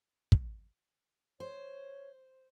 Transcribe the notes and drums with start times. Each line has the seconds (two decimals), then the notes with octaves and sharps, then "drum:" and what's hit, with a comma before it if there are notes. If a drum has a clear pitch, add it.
0.32 drum: kick
1.40 C5 C#5